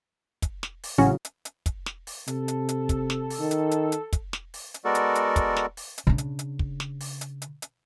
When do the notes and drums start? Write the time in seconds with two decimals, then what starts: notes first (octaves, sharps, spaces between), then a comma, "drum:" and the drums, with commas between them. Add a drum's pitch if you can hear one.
0.42 drum: kick, hi-hat
0.63 drum: snare
0.83 drum: open hi-hat
0.98 A1 A2 C#3 F#3 C#4 F#4
1.25 drum: hi-hat
1.45 drum: hi-hat
1.66 drum: kick, hi-hat
1.86 drum: snare
2.07 drum: open hi-hat
2.27 C3 A4, drum: hi-hat
2.48 drum: hi-hat
2.69 drum: hi-hat
2.89 drum: kick, hi-hat
3.10 drum: snare
3.30 drum: open hi-hat
3.40 D#3
3.51 drum: hi-hat
3.71 drum: hi-hat
3.92 drum: hi-hat
4.13 drum: kick, hi-hat
4.33 drum: snare
4.54 drum: open hi-hat
4.74 drum: hi-hat
4.85 G#3 B3 F#4 A4 A#4 D5
4.95 drum: hi-hat
5.15 drum: hi-hat
5.36 drum: kick, hi-hat
5.57 drum: snare
5.77 drum: open hi-hat
5.98 drum: hi-hat
6.07 C#3 D4
6.18 drum: hi-hat
6.39 drum: hi-hat
6.59 drum: kick
6.80 drum: snare
7.00 drum: open hi-hat
7.21 drum: hi-hat
7.42 drum: hi-hat
7.62 drum: hi-hat